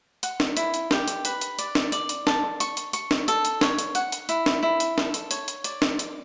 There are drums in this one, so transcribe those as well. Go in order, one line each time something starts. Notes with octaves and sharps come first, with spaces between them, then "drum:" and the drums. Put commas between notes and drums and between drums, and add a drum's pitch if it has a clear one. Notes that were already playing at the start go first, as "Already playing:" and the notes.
F#5, drum: hi-hat
drum: snare
E4, drum: hi-hat
drum: hi-hat
G4, drum: snare
drum: hi-hat
B4, drum: hi-hat
drum: hi-hat
D5, drum: hi-hat
drum: snare
D5, drum: hi-hat
drum: hi-hat
A5, drum: snare
C#6, drum: hi-hat
drum: hi-hat
C#6, drum: hi-hat
drum: snare
A4, drum: hi-hat
drum: hi-hat
C#5, drum: snare
drum: hi-hat
F#5, drum: hi-hat
drum: hi-hat
E4, drum: hi-hat
drum: snare
E4
drum: hi-hat
A4, drum: snare
drum: hi-hat
C#5, drum: hi-hat
drum: hi-hat
D5, drum: hi-hat
drum: snare
D5, drum: hi-hat